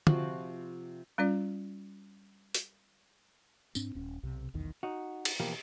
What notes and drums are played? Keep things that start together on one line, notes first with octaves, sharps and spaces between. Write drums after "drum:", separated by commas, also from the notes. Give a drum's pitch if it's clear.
C3 F3 F#4 F#5, drum: tom
G3 C#4 F4 D5
drum: hi-hat
G#2 C4 D4, drum: tambourine
D#1 C#4
B1 C3
F1 B1 E2 D#3
D#4 F#4
drum: cymbal
B2 E3 F3 A#3 G4